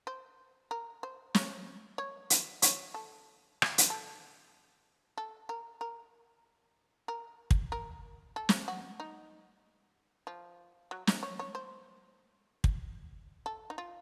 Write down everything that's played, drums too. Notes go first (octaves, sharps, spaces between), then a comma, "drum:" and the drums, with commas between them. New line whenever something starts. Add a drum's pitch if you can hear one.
C5
A#4
C5
C#5, drum: snare
C#5
drum: hi-hat
C#5, drum: hi-hat
A4
drum: rim click
drum: hi-hat
A4
A4
A#4
A#4
A#4
drum: kick
A#4
A4
drum: snare
F#4
D#4
F3
F#3
D#4, drum: snare
C#5
C#5
C5
drum: kick
A4
D#4
F4